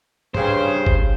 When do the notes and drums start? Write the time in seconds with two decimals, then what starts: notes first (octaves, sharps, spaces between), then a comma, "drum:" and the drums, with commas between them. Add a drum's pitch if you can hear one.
0.35 G2 C#3 C5, drum: tom
0.86 drum: kick